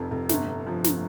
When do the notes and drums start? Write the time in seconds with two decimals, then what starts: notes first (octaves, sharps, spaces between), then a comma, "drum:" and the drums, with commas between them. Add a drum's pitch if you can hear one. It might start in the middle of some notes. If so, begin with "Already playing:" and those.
Already playing: F1 F2
0.11 F1
0.29 G1, drum: snare
0.48 G2
0.67 F3
0.84 drum: snare